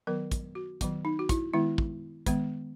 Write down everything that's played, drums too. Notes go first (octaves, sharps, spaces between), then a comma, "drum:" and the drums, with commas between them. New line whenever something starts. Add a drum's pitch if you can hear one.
D#3 F#3 B3 A#4
drum: kick, hi-hat
F#4
D#3 F#3 B3, drum: kick, hi-hat
D#4
F#4
E4, drum: kick, hi-hat
D#3 G#3 B3 E4
drum: kick
D#3 G#3 B3, drum: kick, hi-hat